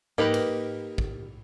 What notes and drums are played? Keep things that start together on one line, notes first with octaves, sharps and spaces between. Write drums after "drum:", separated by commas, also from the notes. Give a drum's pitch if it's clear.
A#3 D#4 G4 A#4 B4, drum: tom G#2
drum: cymbal
drum: kick